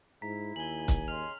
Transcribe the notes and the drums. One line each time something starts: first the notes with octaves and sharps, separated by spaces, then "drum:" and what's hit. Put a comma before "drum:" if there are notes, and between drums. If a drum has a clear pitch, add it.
G#2 E4 A#5 B6
D#2 G#5 F#7 G7
drum: kick, hi-hat
C#3 D#5 C6 F6 F7